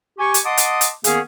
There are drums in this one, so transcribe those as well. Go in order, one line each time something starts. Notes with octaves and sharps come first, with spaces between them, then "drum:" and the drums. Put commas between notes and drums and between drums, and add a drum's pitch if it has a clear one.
G4 G#5 C#6
drum: hi-hat
D#5 F#5 A5 C6 D6 D#6
drum: hi-hat
drum: hi-hat
D#3 A#3 B3 C#4 G#4, drum: hi-hat